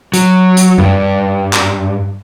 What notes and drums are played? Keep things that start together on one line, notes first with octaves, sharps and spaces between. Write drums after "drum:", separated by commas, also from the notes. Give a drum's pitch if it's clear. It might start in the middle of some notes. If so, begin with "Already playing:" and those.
F#3, drum: hi-hat
drum: hi-hat
G2, drum: tom F#2
drum: clap